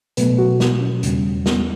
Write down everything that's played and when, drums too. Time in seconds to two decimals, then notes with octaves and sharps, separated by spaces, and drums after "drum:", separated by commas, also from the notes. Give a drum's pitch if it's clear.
0.17 B2 F#3 A3 B3 B4, drum: hi-hat
0.38 F#3 F#4
0.60 B3, drum: snare
0.81 C#4
1.03 E2 C#3 G3, drum: hi-hat
1.46 B3, drum: snare